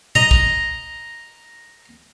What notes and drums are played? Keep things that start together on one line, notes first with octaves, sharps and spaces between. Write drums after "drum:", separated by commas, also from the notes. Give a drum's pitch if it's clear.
D#5 A#5, drum: tom A#2
drum: kick